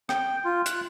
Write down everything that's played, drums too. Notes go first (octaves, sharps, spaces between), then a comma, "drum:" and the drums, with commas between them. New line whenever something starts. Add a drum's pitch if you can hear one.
G5, drum: rim click
F4
F#6, drum: hi-hat